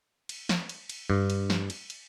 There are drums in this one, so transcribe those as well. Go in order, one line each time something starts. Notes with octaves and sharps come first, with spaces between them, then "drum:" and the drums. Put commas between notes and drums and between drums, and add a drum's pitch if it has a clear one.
drum: cymbal
drum: snare
drum: cymbal
drum: cymbal
G2
drum: cymbal
drum: snare
drum: cymbal
drum: cymbal